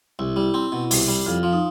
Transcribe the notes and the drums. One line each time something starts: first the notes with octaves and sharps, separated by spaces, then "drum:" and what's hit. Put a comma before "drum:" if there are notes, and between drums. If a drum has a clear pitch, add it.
C2 E4
G3
C4
B2
C2, drum: open hi-hat
G3
F2 F4
F3
D#4